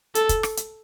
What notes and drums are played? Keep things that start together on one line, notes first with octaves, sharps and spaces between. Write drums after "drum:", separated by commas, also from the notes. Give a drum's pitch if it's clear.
A4, drum: hi-hat
drum: kick, hi-hat
drum: rim click
drum: hi-hat